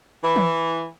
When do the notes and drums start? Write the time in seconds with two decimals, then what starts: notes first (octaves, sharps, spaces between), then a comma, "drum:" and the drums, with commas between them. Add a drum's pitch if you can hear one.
0.22 E3
0.36 drum: tom E3